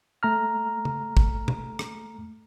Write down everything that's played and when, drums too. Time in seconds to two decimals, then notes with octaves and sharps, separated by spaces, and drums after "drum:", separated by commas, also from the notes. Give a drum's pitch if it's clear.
0.23 A3 A#5 F6
0.85 drum: tom C#3
1.17 drum: kick
1.48 drum: tom
1.79 drum: rim click